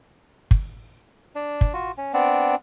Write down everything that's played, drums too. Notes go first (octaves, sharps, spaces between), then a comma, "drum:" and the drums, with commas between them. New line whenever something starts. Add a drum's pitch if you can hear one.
drum: kick
D4
drum: kick
F4 F#4
C#4
B3 C4 D4